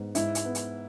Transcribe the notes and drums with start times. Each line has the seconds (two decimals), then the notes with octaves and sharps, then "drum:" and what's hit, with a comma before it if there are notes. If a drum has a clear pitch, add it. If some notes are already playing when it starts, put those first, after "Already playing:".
Already playing: G#2 B3
0.15 G#2 E4, drum: hi-hat
0.35 drum: hi-hat
0.45 B3
0.55 drum: hi-hat